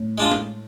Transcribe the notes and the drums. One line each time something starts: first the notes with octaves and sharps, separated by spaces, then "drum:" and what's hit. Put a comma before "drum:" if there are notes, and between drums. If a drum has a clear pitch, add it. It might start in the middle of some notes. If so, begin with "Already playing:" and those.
Already playing: A2
G#3 D4 F4
drum: tom G#3